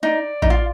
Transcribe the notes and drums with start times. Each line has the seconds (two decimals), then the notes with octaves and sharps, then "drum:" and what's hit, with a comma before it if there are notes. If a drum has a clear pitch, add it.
0.03 D#4 D5
0.42 D#4, drum: kick A1
0.50 F4